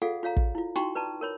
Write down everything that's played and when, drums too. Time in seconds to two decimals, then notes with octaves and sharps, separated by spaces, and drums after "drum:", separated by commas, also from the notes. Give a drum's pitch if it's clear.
0.02 F4 G#4 A4 D5 F5 F#5
0.23 F4 C#5 F5 A#5
0.37 drum: kick
0.55 E4 F4
0.76 D#4 F#4 G5 A#5 C6 C#6, drum: hi-hat
0.95 B4 D5 A5 A#5
1.21 A#4 C#5 B5